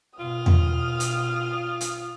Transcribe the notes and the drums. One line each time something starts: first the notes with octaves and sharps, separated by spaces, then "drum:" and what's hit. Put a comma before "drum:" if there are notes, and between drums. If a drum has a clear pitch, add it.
B2 F4 D#6 F6
drum: tom E2
drum: hi-hat
drum: hi-hat